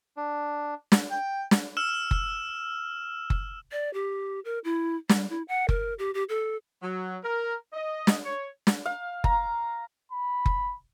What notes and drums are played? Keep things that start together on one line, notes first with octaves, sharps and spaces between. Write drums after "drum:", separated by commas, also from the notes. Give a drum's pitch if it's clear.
D4
drum: snare
G5
drum: snare
E6 F6 E7
drum: kick F#1
drum: kick F#1
D5
G4
A#4
E4
G3, drum: snare
E4
F#5
A#4, drum: kick F#1
G4
G4
A4
F#3
A#4
D#5
drum: snare
C#5
drum: snare
F5
A#5, drum: kick F#1
B5
drum: kick F#1